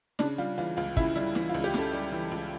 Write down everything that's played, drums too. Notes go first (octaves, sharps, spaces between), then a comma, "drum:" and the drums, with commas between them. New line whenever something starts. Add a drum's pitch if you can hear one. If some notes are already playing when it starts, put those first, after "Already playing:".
C#3 D4, drum: snare
G3 F4
E3 F4
C#2 F4
C#3 E4, drum: kick
G3 E4
E3, drum: snare
F4
C#2
G4
C#3 A4, drum: snare
G3
E3
C#2